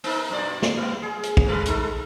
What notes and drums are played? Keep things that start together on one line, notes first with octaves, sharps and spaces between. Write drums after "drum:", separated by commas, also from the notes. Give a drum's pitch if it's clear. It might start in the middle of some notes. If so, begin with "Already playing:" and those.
A#3 D#4 A#4, drum: open hi-hat
F#2 B2 D5
drum: snare
G3 B3
G#4
drum: hi-hat
drum: kick
G3 A4 B4
G#3 D#4 A4, drum: hi-hat